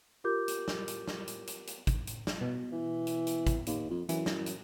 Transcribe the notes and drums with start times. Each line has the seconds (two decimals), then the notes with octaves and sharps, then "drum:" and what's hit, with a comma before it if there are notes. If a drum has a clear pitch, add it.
0.24 F4 G4 A#4 D6 G6
0.48 drum: hi-hat
0.68 drum: snare
0.88 drum: hi-hat
1.08 drum: snare
1.27 drum: hi-hat
1.47 drum: hi-hat
1.67 drum: hi-hat
1.87 drum: kick, hi-hat
2.07 drum: hi-hat
2.27 drum: snare
2.41 B2
2.72 E3
3.07 drum: hi-hat
3.27 drum: hi-hat
3.47 drum: kick, hi-hat
3.66 D#2, drum: hi-hat
3.90 F2
4.09 F#2 E3, drum: hi-hat
4.26 drum: snare
4.46 drum: hi-hat